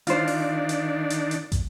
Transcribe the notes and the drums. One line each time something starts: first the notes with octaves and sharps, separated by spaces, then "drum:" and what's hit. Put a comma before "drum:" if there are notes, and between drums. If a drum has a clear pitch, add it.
D#3 D4 F4 C5, drum: hi-hat
drum: open hi-hat
drum: hi-hat
drum: hi-hat
drum: hi-hat
drum: kick, hi-hat